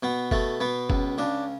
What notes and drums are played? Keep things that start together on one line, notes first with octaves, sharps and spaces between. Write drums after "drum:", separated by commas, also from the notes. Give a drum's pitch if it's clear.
B2 B3
B2 A3, drum: kick F#1
B2 B3
C#2, drum: kick F#1
C#3 D4